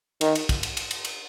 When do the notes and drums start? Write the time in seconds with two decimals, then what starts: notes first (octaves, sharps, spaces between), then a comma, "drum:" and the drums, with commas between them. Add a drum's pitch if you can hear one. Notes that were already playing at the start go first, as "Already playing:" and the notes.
0.21 D#3, drum: cymbal
0.35 drum: cymbal
0.49 drum: kick, cymbal
0.63 drum: cymbal
0.77 drum: cymbal
0.91 drum: cymbal
1.05 drum: cymbal